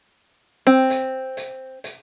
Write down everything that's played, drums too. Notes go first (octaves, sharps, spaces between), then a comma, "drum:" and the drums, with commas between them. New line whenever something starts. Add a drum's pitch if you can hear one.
C4
drum: hi-hat
drum: hi-hat
drum: hi-hat